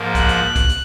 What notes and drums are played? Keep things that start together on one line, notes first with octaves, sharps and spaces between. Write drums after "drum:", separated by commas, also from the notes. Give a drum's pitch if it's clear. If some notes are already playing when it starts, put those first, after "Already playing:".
Already playing: G#2 F3 A#3
F#6, drum: kick, hi-hat
drum: hi-hat
drum: kick, hi-hat
drum: hi-hat